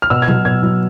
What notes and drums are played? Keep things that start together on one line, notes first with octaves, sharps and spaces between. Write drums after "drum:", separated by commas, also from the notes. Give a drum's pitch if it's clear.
F6
B2 E6
G#6
F#3, drum: tom A#2
B2 G#6
F#3